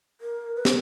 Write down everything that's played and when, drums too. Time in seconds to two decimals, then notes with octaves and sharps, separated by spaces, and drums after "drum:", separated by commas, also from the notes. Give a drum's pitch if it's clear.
0.21 A#4
0.56 B4
0.65 C5, drum: snare